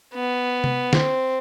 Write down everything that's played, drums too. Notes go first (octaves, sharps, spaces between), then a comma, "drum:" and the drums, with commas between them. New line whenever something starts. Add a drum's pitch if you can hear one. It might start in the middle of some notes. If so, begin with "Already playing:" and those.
B3
drum: tom C3
C4, drum: snare